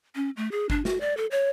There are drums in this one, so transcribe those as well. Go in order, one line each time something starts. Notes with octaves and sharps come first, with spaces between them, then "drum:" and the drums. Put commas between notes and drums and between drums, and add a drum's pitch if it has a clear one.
C#4
A3
G#4
D4, drum: kick G1
F#4, drum: snare
D5
A4
C#5